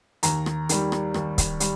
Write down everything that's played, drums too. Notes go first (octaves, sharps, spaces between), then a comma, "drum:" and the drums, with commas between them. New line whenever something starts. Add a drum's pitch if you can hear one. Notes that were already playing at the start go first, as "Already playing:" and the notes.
D#2 A#5, drum: hi-hat
drum: rim click
D#3 G3, drum: hi-hat
drum: rim click
D#2, drum: rim click
drum: kick C#1, hi-hat
G3, drum: hi-hat